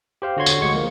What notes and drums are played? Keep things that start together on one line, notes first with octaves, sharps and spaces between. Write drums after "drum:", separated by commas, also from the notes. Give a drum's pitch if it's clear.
G4 C5 F5
D3 F#4 C#5 C6 G#6
drum: tambourine
D2 G#3 C#6 G#6
F3 A#3